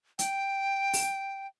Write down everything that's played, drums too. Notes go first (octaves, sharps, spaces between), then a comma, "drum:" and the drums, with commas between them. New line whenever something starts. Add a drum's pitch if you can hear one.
G5, drum: hi-hat
drum: open hi-hat